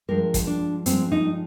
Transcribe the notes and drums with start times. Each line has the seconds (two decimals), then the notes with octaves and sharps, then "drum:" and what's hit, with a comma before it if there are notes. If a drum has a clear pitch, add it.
0.08 G2 F3 G#3 A#4
0.34 drum: kick, hi-hat
0.47 D4
0.86 G2 F3 G#3 C4, drum: hi-hat
1.12 D#4